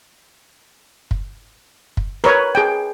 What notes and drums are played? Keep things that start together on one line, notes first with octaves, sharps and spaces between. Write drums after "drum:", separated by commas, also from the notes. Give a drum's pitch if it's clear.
drum: kick
drum: kick
A#4 B4 C#5, drum: rim click
G#4 G5